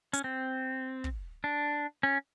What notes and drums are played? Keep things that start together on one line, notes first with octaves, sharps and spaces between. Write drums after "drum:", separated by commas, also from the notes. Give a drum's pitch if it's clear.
C#4, drum: hi-hat
C4
drum: kick
D4
C#4